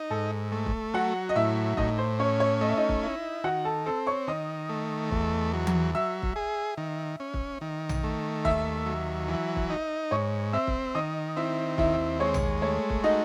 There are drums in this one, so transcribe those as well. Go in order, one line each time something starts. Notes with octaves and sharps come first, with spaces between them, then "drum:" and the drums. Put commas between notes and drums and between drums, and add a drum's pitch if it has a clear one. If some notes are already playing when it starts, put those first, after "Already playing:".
Already playing: D#4
G#2 A4 A5
A3
drum: kick
F#3 F#4 F#5
D#5
A2 E4 E5
A2 D#4 D#5, drum: kick
C5
C#4 C#5
C#5
A3 D#5
E5
D#4 D#5
drum: kick
E4
D#3 F#4 F#5
A4 A5
C4 A4 A5
C#5 C#6
D#3 D#5 D#6
A3
E2, drum: kick
F#3
drum: tom E3
F#3 E5 E6
drum: kick
G#4
D#3
C#4
drum: kick
D#3
drum: tom A#1
A3
D#2 E5 E6, drum: kick
F#3
E3
drum: kick
D#4
G#2 C#5 C#6
C4 E5 E6
drum: kick
D#3 D#5 D#6
C4 E4 E5
D#2 E4 E5, drum: kick
G#3 C#5
drum: tom A#1
A3 C#5
drum: kick
D#4 F#4 D#5